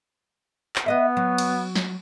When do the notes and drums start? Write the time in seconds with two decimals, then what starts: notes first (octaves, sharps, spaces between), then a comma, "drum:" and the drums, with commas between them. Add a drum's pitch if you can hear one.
0.76 drum: clap
0.86 B3 B4 D#5 E5
1.17 F#3
1.38 drum: cymbal
1.75 drum: snare